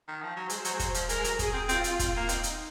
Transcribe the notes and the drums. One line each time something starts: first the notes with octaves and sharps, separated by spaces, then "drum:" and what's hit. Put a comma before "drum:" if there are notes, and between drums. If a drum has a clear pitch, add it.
D#3
F3
F#3
G#3 C5, drum: hi-hat
F#3, drum: hi-hat
G#3
F#3, drum: kick, hi-hat
F3, drum: hi-hat
G#3 A#4, drum: hi-hat
G#3
F#3, drum: hi-hat
F#3 G#4, drum: kick, hi-hat
C4
C4 F4, drum: hi-hat
drum: hi-hat
C4, drum: kick, hi-hat
A#3
C4 D#4, drum: hi-hat
drum: hi-hat